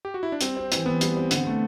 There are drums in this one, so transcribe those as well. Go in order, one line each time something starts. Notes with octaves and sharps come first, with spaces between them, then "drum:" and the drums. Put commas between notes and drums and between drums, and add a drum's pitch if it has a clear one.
G4
F#4
E4
D4
G3 C4, drum: hi-hat
C4
E3, drum: hi-hat
E3 B3
G3, drum: hi-hat
C4
D3, drum: hi-hat
A3